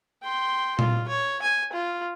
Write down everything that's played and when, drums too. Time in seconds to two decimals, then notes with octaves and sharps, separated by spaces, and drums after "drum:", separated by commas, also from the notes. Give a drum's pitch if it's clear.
0.23 G5 C6
0.79 F4, drum: tom A#2
1.08 C#5
1.42 G#5
1.72 F4